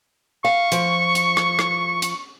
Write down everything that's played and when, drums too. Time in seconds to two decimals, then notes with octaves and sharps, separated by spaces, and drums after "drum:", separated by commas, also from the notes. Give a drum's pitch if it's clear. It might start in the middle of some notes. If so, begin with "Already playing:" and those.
0.45 F5 C#6
0.72 F3, drum: hi-hat
1.15 drum: hi-hat
1.37 drum: rim click
1.59 drum: rim click
2.02 drum: hi-hat